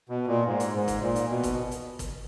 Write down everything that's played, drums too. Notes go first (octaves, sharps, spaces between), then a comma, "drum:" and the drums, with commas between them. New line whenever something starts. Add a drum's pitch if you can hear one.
B2
A#2
G#2
drum: hi-hat
G#2
drum: kick, hi-hat
A#2
drum: hi-hat
B2
drum: kick, hi-hat
drum: hi-hat
drum: kick, hi-hat